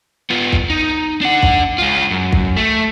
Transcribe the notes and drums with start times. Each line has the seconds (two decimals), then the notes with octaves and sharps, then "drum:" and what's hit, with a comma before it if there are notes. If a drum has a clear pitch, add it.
0.30 B3 F4
0.52 drum: kick
0.70 D#4
1.21 D4 F#5
1.43 drum: kick
1.78 G#3 F4
2.11 F#2
2.33 drum: kick
2.57 A3